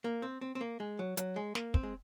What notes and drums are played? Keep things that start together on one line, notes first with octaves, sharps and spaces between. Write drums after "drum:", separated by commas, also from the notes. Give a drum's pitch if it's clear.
A#3
C4
C4
C4
A#3
G#3
F#3
F#3, drum: hi-hat
G#3
A#3, drum: snare
C4, drum: kick
G#3